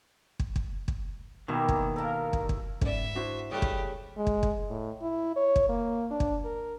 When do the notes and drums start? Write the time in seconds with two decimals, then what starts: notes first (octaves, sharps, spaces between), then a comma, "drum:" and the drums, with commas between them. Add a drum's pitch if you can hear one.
0.39 drum: kick
0.56 drum: kick
0.88 drum: kick
1.48 B2 D#3 A#3 E4 G4
1.69 drum: kick
1.96 F3 A4 A#4 D5
2.33 drum: kick
2.49 drum: kick
2.81 G#2 B3 C#4 D5 E5, drum: kick
3.15 D4 E4 F#4 C5
3.51 C#3 G3 A3 G4 B4
3.62 drum: kick
4.17 G#3
4.27 drum: kick
4.43 drum: kick
4.70 A2
5.01 E4
5.36 C#5
5.56 drum: kick
5.69 A#3
6.11 D4
6.20 drum: kick
6.45 A#4